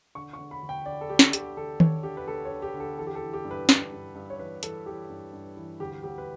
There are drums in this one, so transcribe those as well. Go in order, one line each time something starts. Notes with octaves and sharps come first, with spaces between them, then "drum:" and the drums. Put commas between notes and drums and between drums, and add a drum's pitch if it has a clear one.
D3 C#6
C#6
D3
B5
D2
G5
D3 D5
A4
D2 G4
drum: snare
D3 G4, drum: hi-hat
D3 A4
D3 C#5, drum: tom D#3
D3 G4
B4
D2 A4
C#5
D3
G4
D3
A4
E3 A4
G4
A4
E3
G4
G2
B4
G2, drum: snare
G2
G2
C#5
E3 B4
E3 A4, drum: hi-hat
E3 G4
G2
G2
E3
D2 G4
D2 G4
B4